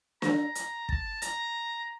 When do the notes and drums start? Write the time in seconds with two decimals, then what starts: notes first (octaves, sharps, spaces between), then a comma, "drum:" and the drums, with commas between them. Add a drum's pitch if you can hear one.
0.22 A#5, drum: snare
0.55 drum: hi-hat
0.89 A5, drum: kick
1.22 A#5, drum: hi-hat